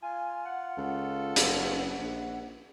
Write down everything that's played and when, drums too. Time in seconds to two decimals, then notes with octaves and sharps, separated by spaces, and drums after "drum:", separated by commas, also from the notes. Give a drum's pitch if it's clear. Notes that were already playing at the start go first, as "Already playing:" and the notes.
0.02 F4 G#5
0.45 F#5
0.77 C#2 A4
1.36 F#1, drum: hi-hat
1.98 A#1